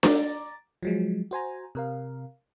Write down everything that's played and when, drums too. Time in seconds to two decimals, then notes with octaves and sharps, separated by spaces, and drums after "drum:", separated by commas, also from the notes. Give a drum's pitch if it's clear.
0.03 A#5 D6 A6, drum: snare D4
0.83 F3 F#3 G#3
1.31 F#4 C5 G#5 A#5
1.75 C3 A#4 F5